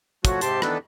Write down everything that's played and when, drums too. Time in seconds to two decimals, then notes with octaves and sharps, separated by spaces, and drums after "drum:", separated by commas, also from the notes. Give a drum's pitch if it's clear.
0.25 F3 F#3 A3 F#4 C#5, drum: kick, hi-hat
0.41 G#2 C3 G4 A5 C6, drum: hi-hat
0.62 D#3 E3 B3 D4 A4 B4, drum: rim click